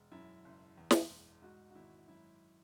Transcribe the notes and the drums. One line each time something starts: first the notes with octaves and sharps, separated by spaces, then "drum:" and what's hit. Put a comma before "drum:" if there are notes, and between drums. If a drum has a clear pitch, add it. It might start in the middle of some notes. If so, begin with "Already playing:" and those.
Already playing: E1
F#2 E4
F#1
E2
drum: snare
E1
G#2 F#4
F#4
G#1 E4
F#2 E4